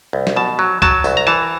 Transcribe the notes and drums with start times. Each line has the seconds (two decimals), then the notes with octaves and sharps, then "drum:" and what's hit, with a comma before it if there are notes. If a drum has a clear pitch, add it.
0.13 C2
0.27 drum: snare
0.36 B2 A5
0.59 F#3
0.82 F#3 A5, drum: kick
1.04 C2, drum: tambourine
1.17 A#5
1.27 E3 A5